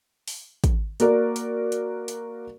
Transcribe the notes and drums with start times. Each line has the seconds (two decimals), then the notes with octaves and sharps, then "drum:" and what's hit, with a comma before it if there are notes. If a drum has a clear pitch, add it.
0.28 drum: open hi-hat
0.64 drum: kick, hi-hat
1.00 A#3 F#4 A#4 D5, drum: hi-hat
1.36 drum: hi-hat
1.72 drum: hi-hat
2.08 drum: hi-hat